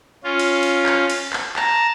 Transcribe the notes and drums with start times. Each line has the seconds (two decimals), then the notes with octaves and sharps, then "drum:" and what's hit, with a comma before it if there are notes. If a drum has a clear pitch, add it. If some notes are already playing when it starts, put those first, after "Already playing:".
0.24 C#4 F4
0.39 drum: cymbal
0.63 drum: cymbal
0.86 drum: clap
1.10 drum: cymbal
1.33 drum: clap
1.56 A5 A#5, drum: clap